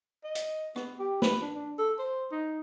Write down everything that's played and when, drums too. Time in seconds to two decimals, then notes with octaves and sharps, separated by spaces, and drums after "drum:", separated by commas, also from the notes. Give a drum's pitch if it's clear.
0.24 D#5
0.35 drum: hi-hat
0.76 B3, drum: rim click
0.99 G4
1.22 B4, drum: snare
1.42 D4
1.56 D4
1.79 A4
1.99 C5
2.31 D#4